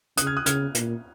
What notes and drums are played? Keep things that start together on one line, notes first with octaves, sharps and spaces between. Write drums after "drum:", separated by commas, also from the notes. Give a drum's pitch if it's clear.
C#3 D#6 F#6, drum: hi-hat
F6 G#6
D#6 F#6
C#3 F6 G#6, drum: hi-hat
A#2, drum: hi-hat